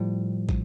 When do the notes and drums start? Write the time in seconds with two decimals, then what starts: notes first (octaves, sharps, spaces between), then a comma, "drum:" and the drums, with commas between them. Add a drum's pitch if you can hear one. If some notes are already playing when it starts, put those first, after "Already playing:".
Already playing: A2 F3 G3
0.49 drum: kick